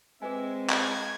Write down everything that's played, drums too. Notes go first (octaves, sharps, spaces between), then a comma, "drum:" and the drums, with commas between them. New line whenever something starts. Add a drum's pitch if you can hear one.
G#3 C4 G#4 B4 E5 G#5
G#4 D#5 A#5 G#6, drum: clap